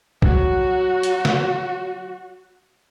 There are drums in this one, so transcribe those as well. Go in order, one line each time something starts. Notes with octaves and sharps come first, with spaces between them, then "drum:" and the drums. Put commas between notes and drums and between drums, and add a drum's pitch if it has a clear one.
F#3 F#4, drum: kick
drum: hi-hat
drum: snare